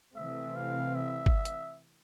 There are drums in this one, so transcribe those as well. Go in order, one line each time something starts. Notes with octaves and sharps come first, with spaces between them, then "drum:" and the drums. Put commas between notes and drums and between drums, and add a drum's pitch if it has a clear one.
C3 E3 A3 C4 E5
F5
E5
drum: kick G1
drum: hi-hat